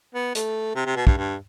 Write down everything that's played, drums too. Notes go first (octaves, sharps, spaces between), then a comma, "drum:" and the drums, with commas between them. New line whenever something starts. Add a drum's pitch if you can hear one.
B3
A3, drum: hi-hat
C3
C3
B2
G2, drum: kick
G2